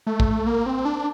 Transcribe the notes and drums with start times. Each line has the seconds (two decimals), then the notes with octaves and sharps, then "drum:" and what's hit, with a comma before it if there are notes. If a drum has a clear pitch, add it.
0.07 A3
0.20 drum: kick A1
0.46 A#3
0.66 C4
0.85 D4